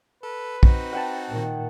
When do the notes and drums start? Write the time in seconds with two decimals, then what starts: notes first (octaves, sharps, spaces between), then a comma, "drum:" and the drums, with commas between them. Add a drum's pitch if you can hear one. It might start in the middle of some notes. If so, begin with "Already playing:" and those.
0.23 A4 B4
0.63 C4 D#4 F#4, drum: kick
0.93 F#5 G5 A5
1.28 A#2 D#3